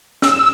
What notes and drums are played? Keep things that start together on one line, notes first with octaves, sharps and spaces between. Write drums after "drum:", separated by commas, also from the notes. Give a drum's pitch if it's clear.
E6, drum: snare